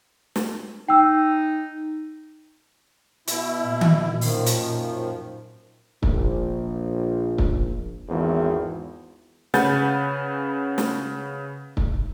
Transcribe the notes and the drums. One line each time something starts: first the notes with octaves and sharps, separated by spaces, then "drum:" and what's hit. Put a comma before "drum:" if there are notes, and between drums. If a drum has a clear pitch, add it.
drum: snare
D#4 G5 E6
B2 E4, drum: hi-hat
A#2
drum: tom D#3
F#2 D#3 F3, drum: open hi-hat
drum: hi-hat
A#1, drum: kick
drum: kick
G#1 E2
C#3 B4 F#5 G#5 G6 A6, drum: snare
drum: snare
drum: kick